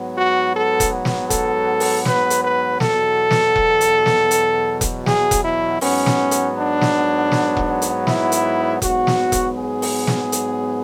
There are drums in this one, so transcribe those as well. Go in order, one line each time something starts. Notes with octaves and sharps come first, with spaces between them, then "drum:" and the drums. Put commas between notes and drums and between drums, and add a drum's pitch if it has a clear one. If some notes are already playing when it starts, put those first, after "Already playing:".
Already playing: G#2 F#3 B3
F#4
A4
drum: kick E1, hi-hat
drum: snare
A4, drum: kick E1, hi-hat
drum: open hi-hat
B4, drum: snare
drum: hi-hat
B4
E2 B2 F#3 A4, drum: snare
drum: snare
drum: kick E1
drum: hi-hat
drum: snare
drum: hi-hat
drum: kick E1, hi-hat
G#4, drum: snare
drum: kick E1, hi-hat
E4
G#2 F#3 B3 C#4, drum: open hi-hat
drum: snare
drum: hi-hat
D4
drum: snare
drum: snare
drum: kick E1
drum: hi-hat
E4, drum: snare
drum: hi-hat
G#2 F#3 B3 F#4, drum: kick E1, hi-hat
drum: snare
drum: kick E1, hi-hat
G#4
drum: open hi-hat
drum: snare
drum: hi-hat